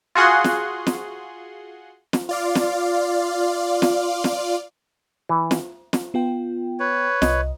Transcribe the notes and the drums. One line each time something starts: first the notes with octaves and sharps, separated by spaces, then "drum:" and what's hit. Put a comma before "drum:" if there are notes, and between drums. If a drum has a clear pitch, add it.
F4 F#4 G#4 F#5 C6
drum: snare
drum: snare
drum: snare
F4 D5 F5
drum: snare
drum: snare
drum: snare
E3
drum: snare
drum: snare
B3 F4 G5
B4 C#5
C2 D#5, drum: snare